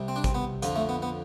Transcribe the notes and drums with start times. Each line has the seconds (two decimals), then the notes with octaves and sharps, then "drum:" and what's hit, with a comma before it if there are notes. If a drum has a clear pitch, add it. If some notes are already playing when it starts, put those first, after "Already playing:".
Already playing: C2 C3 G3
0.08 C4
0.16 D4
0.24 C4, drum: kick G#1, hi-hat
0.35 B3
0.62 F2 D3 F3, drum: hi-hat
0.76 A3
0.89 B3
1.02 B3